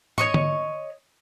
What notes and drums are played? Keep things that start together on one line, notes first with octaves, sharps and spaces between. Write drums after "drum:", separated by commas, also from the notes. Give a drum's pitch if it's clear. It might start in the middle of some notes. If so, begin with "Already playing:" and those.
C#5 D#5 C#6, drum: tom
drum: tom D3